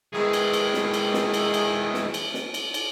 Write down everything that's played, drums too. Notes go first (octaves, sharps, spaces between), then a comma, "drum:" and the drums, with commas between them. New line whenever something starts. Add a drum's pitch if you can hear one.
D#3 E3 G#3 G#4
drum: cymbal
drum: cymbal
drum: snare
drum: cymbal
drum: snare
drum: cymbal
drum: cymbal
drum: snare
drum: cymbal
drum: snare
drum: cymbal
drum: cymbal